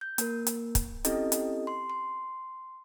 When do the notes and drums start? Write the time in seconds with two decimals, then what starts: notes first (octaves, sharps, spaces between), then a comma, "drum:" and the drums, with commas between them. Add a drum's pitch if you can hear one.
0.01 G6
0.18 A#3 A#4, drum: hi-hat
0.47 drum: hi-hat
0.75 drum: kick, hi-hat
1.05 C4 C#4 E4 G4 A4 D#5, drum: hi-hat
1.32 drum: hi-hat
1.67 C6
1.90 C6